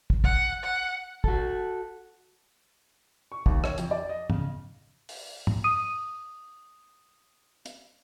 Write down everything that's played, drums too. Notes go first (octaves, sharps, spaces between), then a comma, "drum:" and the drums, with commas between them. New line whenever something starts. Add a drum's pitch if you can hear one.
drum: kick
F#5, drum: kick
F#5
F#4 A4, drum: kick
C#6
D#2, drum: kick
C#5, drum: rim click
F2, drum: hi-hat
D5
D#5
C#3, drum: tom
drum: open hi-hat
drum: tom
D#6 D#7
drum: hi-hat